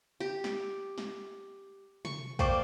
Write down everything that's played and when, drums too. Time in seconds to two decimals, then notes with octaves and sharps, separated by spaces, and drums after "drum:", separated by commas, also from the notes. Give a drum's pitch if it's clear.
0.20 G4
0.44 drum: snare
0.98 drum: snare
2.05 C#6, drum: tom C3
2.39 A#3 C5 D5 G5 C#6 D6, drum: kick